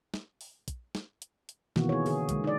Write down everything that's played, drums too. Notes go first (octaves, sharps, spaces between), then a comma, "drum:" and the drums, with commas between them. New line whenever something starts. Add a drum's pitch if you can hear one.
drum: snare
drum: open hi-hat
drum: kick, hi-hat
drum: snare
drum: hi-hat
drum: hi-hat
B2 D#3 E3 A#3 F#4, drum: snare
G#4 C#5
D3 G#4, drum: open hi-hat
D3 G#3, drum: kick, hi-hat
D#4 D5